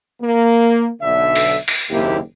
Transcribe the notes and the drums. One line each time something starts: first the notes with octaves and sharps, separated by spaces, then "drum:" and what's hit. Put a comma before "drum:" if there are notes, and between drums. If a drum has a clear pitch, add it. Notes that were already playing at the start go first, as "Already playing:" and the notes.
A#3
B1 D3 E5
drum: open hi-hat
drum: open hi-hat
F#1 D#2 C3 A#3 E4 G4